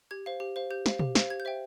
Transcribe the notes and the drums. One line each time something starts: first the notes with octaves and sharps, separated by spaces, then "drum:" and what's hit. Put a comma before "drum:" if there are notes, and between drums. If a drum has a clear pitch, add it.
G4 G#6
C5 F5
G4
C5 F5
G4 G6
C5 F5, drum: snare
G4, drum: tom
C5 F5, drum: snare
G4 G#6
G6
C5 E5 G5